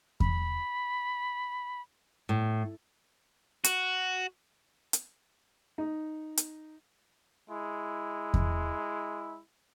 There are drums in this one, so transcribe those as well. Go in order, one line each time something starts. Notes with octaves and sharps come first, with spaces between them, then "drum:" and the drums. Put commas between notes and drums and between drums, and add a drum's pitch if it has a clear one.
B5, drum: kick E2
A2
F#4, drum: hi-hat
drum: hi-hat
D#4
drum: hi-hat
G#3 E4
drum: kick E2